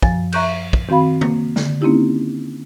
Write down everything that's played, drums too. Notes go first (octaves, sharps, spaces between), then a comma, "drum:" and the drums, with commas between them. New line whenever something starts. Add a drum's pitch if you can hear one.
F#2 F3 G#5 A6, drum: kick
E5 A#5 C#6 F#6 G6, drum: cymbal
drum: kick
D#3 C4 F#4 F5 B5
A#3, drum: tom
D3, drum: snare
A#3 C4 C#4 D#4 E4 G4